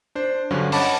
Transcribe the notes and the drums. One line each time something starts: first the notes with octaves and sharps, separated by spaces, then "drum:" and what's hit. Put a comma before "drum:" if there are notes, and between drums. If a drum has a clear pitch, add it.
D4 C5
G2 D3 F#3 C#4
C#5 D#5 F#5 A5 B5 D6, drum: open hi-hat